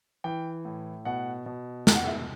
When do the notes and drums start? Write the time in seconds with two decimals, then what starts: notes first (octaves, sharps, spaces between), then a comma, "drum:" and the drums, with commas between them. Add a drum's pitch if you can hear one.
0.24 E3 G5
0.65 A2
1.05 B2 F#5
1.46 B2
1.87 B2, drum: snare
1.95 F#5
2.07 E5